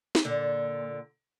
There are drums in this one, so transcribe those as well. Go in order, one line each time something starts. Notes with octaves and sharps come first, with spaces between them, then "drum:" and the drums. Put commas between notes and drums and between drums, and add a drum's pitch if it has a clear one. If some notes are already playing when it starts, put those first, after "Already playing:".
drum: snare
A#2 D3